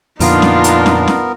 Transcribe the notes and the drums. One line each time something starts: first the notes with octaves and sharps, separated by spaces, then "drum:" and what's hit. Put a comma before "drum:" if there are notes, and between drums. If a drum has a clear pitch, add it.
F2 A#2 D3 B3 D4 D#4 F4 A#4, drum: open hi-hat
drum: snare
drum: hi-hat
drum: snare
drum: snare